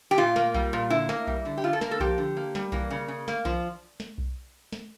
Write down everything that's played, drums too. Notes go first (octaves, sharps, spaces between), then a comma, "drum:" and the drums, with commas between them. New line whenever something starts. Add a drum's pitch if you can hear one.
G4
A#2 F4
A#3, drum: snare
G3, drum: kick B1
A#2
D3 E4
A#3, drum: snare
G3, drum: kick B1
D3
G4
D3 F4
A4
A#3 A#4, drum: snare
A4
F3 G4, drum: kick B1
D3
A#3
G3, drum: snare
E3 A#3, drum: kick B1
C#3
C#3
A#3, drum: snare
F3, drum: kick B1
drum: snare
drum: kick B1
drum: snare